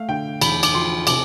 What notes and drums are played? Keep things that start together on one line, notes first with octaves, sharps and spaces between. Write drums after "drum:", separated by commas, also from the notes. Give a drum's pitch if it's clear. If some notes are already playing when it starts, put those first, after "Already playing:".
Already playing: A3 F5
D3 G5
E2 B5, drum: cymbal
D6, drum: cymbal
F3 C6
C3 D6, drum: cymbal